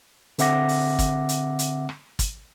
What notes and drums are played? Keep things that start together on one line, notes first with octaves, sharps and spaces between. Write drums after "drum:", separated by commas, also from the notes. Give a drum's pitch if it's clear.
D3 C4 E5 F#5 D6 A#6, drum: hi-hat
drum: open hi-hat
drum: kick, hi-hat
drum: hi-hat
drum: hi-hat
drum: rim click
drum: kick, hi-hat